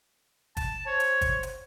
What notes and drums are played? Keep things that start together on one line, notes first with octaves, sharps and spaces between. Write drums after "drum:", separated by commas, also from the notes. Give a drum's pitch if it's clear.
A5, drum: kick, hi-hat
C5 C#5
drum: hi-hat
drum: kick, hi-hat
drum: hi-hat